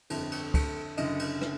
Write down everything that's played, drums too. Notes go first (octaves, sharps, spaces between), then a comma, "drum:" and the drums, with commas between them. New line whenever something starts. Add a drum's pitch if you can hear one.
G1 F2 D3, drum: cymbal
drum: cymbal
A4, drum: kick, cymbal
F#1 F#2 D3 D#5, drum: cymbal
drum: cymbal
drum: rim click